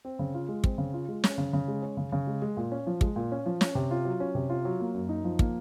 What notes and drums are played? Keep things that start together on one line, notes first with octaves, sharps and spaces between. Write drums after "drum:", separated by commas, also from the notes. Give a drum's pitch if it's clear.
C4
C#3
F4
G#3
C4, drum: kick
C#3
F4
G#3
C#4, drum: snare
C#3
C#3
G#3
C#4
C#3
C#3
G#3
G#3
A#2
C#4
F3
G#3, drum: kick
A#2
C#4
F3
C#4, drum: snare
C3
F4
F#3
C#4
C3
F4
F#3
A#3
F#2
D#4
F3
A#3, drum: kick